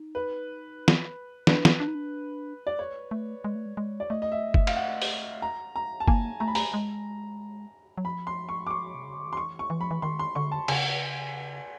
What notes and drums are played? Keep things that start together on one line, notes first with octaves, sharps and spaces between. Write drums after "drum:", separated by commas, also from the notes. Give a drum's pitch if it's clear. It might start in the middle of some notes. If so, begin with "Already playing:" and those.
Already playing: D#4
B4
drum: snare
D4 B4, drum: snare
drum: snare
D4
D#4
D4
D5
C#5
A3
G#3
A3
G#3
G#3
D5
A3 D#5
D#5
E5
E5, drum: kick
F5, drum: cymbal
F#5
drum: open hi-hat
A#5
A#5
A5
A#3 G#5, drum: kick
A3 A#5
B5
A#5, drum: open hi-hat
G#3
F#3
F3 B5
C6
C#6
D6
C#6
C3
C#3
D3
D#3
C6
E3 C#6
C#6
E3
F3 B5
E3
D#3 C6
C6
D3 C#6
A5
C#3 G#5, drum: cymbal